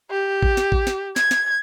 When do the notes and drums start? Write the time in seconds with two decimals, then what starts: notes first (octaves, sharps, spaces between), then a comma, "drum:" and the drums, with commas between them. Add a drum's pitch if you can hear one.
0.10 G4
0.43 drum: kick
0.57 drum: snare
0.72 drum: kick
0.87 drum: snare
1.16 G#6, drum: snare
1.31 drum: snare